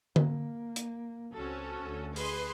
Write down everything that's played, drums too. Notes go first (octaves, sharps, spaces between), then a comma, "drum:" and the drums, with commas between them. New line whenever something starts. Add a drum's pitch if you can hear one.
A#3, drum: tom D3
drum: hi-hat
C#2 C4 C#4 F#4 A4
D2
G#4 B4 C6, drum: open hi-hat